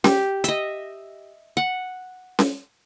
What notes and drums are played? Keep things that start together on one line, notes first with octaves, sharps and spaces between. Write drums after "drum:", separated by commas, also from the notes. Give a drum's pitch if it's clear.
G4, drum: snare C#4
D#5 E5, drum: hi-hat
F#5
drum: snare C#4